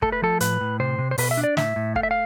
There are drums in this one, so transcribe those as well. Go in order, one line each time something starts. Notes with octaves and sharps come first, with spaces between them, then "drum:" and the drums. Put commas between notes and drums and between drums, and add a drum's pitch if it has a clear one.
A3 A4, drum: kick
B4
F3 A4
A2 B4, drum: hi-hat
A2
C3 C5
C3
C5
B2 B4, drum: open hi-hat
E5
D4
D5
A2 E5, drum: snare
A2
A3 F5, drum: kick
E5
F5